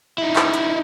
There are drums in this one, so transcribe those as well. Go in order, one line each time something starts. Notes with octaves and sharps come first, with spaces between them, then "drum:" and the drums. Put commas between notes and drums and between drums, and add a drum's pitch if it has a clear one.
D#4 E4
drum: clap
drum: hi-hat